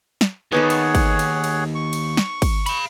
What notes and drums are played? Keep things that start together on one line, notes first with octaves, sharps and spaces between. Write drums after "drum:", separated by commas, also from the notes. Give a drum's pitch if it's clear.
drum: snare
D#2 B3 D#4 G#4 A4 C#5 F#5
drum: cymbal
drum: kick, cymbal
drum: cymbal
drum: cymbal
C#6
drum: cymbal
drum: snare
drum: kick, cymbal
F5 B5, drum: cymbal